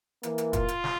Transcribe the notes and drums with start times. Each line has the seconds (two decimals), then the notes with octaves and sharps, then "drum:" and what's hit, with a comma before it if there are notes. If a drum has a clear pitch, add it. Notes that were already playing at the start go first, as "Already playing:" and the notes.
0.23 E3 A#3, drum: hi-hat
0.38 drum: hi-hat
0.53 F4, drum: kick, hi-hat
0.68 drum: hi-hat
0.84 drum: snare